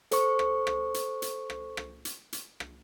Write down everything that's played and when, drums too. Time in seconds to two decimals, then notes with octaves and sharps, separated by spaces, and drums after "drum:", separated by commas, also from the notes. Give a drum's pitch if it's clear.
0.11 A4 C5 C#6, drum: hi-hat
0.39 drum: rim click
0.67 drum: rim click
0.94 drum: hi-hat
1.22 drum: hi-hat
1.50 drum: rim click
1.77 drum: rim click
2.05 drum: hi-hat
2.33 drum: hi-hat
2.60 drum: rim click